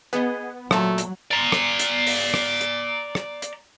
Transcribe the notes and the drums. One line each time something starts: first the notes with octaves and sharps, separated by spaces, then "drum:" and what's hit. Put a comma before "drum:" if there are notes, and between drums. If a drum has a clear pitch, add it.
B3 G#4 D#5
A#2 F#3 A3 A5, drum: rim click
drum: hi-hat
D5 A#5
drum: rim click
drum: hi-hat
drum: open hi-hat
drum: rim click
drum: hi-hat
drum: rim click
drum: hi-hat